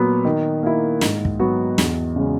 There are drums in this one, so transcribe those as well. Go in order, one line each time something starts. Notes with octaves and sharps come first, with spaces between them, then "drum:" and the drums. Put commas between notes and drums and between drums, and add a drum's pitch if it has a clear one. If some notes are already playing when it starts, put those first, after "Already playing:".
Already playing: A#2 F#3 B3
D#3
A#3 E4
G#2, drum: snare
drum: kick
F#3 B3 F#4
E2, drum: snare
C#3 G#3 C#4